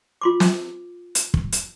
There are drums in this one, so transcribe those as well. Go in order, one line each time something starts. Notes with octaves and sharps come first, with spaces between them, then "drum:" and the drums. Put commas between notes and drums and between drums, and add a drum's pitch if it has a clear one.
F4 C6 D6
drum: snare
drum: hi-hat
drum: kick
drum: hi-hat